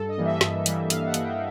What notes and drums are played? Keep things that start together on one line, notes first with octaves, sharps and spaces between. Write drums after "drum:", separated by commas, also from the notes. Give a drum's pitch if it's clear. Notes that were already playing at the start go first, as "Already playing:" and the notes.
Already playing: G2 A4
D#5
E3 G3 A#3
E5
G2, drum: snare
E3 G3 A#3, drum: hi-hat
G2 F5, drum: hi-hat
F#5
E3 G3 A#3, drum: hi-hat
G5